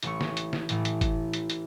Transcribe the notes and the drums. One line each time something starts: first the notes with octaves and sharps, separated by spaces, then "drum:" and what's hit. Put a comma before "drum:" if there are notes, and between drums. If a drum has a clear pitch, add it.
A1 A2 E3 A3 C#6, drum: hi-hat
drum: snare
drum: hi-hat
drum: snare
A1 A2 E3 A3, drum: hi-hat
drum: hi-hat
drum: kick, hi-hat
drum: hi-hat
drum: hi-hat